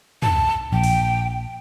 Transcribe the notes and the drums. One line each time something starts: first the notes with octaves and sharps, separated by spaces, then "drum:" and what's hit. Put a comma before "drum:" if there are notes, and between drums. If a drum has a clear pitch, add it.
A5, drum: tom
A#1 G5
drum: open hi-hat